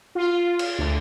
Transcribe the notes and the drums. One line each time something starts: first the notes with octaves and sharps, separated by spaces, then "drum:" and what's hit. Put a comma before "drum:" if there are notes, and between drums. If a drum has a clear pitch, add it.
F4
drum: cymbal
D2